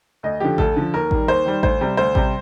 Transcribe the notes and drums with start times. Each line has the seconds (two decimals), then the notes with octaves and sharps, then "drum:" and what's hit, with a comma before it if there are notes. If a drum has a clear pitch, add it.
0.23 D2 D#5
0.40 D3 F3 G4
0.58 D2 A4, drum: kick A1
0.76 D3 F3
0.94 D#2 A#4
1.11 D#3 G3, drum: kick A1
1.28 D#2 C5
1.46 D#3 G3
1.63 D2 C5, drum: kick A1
1.81 C3 G3
1.97 D2 C5
2.15 C3 G3, drum: kick A1